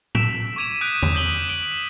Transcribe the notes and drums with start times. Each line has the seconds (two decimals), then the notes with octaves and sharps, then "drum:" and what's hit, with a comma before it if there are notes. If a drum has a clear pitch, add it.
0.15 E6 B6 D7 E7 F7, drum: tom A2
0.56 C#6 D6 G#6 D#7 F7
0.81 D#6 F#6 G6 B6 D7 D#7
1.02 drum: tom E2
1.14 D#6 G6 B6 F#7 G7
1.49 D7 G7